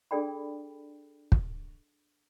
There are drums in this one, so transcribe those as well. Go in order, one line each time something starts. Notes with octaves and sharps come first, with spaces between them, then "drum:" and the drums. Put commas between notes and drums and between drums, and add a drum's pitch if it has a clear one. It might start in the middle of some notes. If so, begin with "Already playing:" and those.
D4 G#4 A4 D5 G5 B5
drum: kick